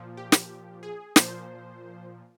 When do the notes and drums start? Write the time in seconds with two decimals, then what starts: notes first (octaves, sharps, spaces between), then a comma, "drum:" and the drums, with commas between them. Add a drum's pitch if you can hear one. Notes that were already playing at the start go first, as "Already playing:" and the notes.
Already playing: A#2 F3
0.17 G4
0.32 drum: snare
0.83 G#4
1.16 A#2 F3 C5, drum: snare